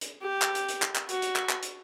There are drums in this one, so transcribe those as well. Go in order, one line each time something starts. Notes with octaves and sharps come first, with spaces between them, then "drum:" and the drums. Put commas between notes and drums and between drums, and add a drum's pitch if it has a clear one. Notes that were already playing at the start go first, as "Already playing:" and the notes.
drum: hi-hat
G4
drum: clap
drum: hi-hat
drum: hi-hat
drum: clap
drum: clap
F#4, drum: hi-hat
drum: hi-hat
drum: clap
drum: clap
drum: hi-hat